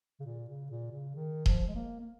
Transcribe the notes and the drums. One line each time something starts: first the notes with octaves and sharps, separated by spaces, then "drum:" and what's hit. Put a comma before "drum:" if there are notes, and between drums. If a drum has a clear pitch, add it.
C#3
A#2
C#3
A#2
C#3
D#3
F3, drum: kick D#1
G#3
A#3
A#3